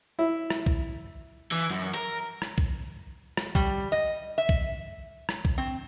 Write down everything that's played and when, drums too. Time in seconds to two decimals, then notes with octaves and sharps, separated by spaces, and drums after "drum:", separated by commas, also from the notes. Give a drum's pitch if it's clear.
0.19 E4
0.50 drum: rim click
0.66 drum: kick B1
1.52 E3
1.70 F#2
1.94 A#4
2.42 drum: rim click
2.58 drum: kick B1
3.37 drum: rim click
3.55 G3, drum: kick B1
3.92 D#5
4.38 E5
4.49 drum: kick B1
5.29 drum: rim click
5.45 drum: kick B1
5.58 C4